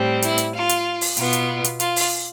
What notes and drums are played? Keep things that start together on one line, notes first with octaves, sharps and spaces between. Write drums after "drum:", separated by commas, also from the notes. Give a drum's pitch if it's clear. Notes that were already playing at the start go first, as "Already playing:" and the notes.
Already playing: A2 G3 C4
E4, drum: hi-hat
drum: hi-hat
F4
drum: hi-hat
drum: open hi-hat
B2 B3 F4, drum: hi-hat
drum: hi-hat
drum: hi-hat
F4, drum: hi-hat
drum: open hi-hat